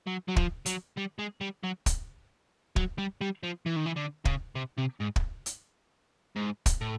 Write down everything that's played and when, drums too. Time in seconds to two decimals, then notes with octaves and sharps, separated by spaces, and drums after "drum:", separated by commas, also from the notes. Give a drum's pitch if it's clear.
0.07 F#3
0.28 F#3
0.36 F3, drum: kick
0.66 F#3, drum: hi-hat
0.97 G3
1.19 G#3
1.41 G3
1.64 F#3
1.86 drum: kick, hi-hat
2.76 F#3, drum: kick
2.98 G3
3.21 G3
3.43 F3
3.66 E3
3.76 D#3
3.86 E3
3.96 D3
4.25 C#3, drum: kick
4.55 C3
4.78 C3
5.01 G#2
5.16 drum: kick
5.46 drum: hi-hat
6.36 G#2
6.66 drum: kick, hi-hat
6.81 A2